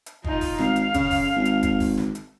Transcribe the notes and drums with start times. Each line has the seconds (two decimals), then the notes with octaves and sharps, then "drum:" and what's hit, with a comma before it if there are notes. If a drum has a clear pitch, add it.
0.06 drum: hi-hat
0.24 D#4 F4, drum: kick
0.41 drum: kick, open hi-hat
0.58 G#1 F5, drum: snare
0.76 drum: hi-hat
0.94 C#3, drum: kick, hi-hat
1.11 drum: kick, open hi-hat
1.35 G#1
1.45 drum: hi-hat
1.63 drum: kick, hi-hat
1.80 drum: kick, open hi-hat
1.98 drum: snare
2.15 drum: hi-hat